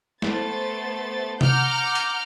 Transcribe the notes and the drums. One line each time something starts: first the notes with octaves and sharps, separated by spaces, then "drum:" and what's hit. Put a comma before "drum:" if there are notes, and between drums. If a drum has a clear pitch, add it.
A3 B3 C5 A6, drum: snare
F#5 A#5 D6 F6 G6, drum: tom C3
drum: hi-hat